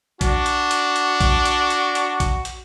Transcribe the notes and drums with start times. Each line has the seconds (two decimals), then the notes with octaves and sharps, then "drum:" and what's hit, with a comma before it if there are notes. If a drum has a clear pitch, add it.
0.21 D4 F#4, drum: kick A#1, hi-hat
0.46 drum: hi-hat
0.71 drum: hi-hat
0.96 drum: hi-hat
1.21 drum: kick A#1, hi-hat
1.45 drum: hi-hat
1.70 drum: hi-hat
1.95 drum: hi-hat
2.20 drum: kick A#1, hi-hat
2.45 drum: hi-hat